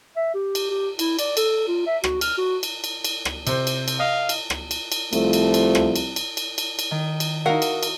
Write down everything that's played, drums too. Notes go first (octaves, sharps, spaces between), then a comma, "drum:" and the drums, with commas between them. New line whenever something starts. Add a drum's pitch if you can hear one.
E5
G4
drum: cymbal
G4
E4, drum: cymbal
D5, drum: cymbal
A4, drum: cymbal
F4
E5
F#4, drum: rim click
F6, drum: cymbal
F#4
drum: cymbal
drum: cymbal
drum: cymbal
drum: rim click
C3 C5, drum: cymbal
drum: cymbal
drum: cymbal
D#5 F5
drum: cymbal
drum: rim click
drum: cymbal
drum: cymbal
C2 F3 A3, drum: cymbal
drum: cymbal
drum: cymbal
drum: rim click
drum: cymbal
drum: cymbal
drum: cymbal
drum: cymbal
drum: cymbal
D#3
drum: cymbal
D#4 E4 F#4 A#4 F5 F#5
drum: cymbal
drum: cymbal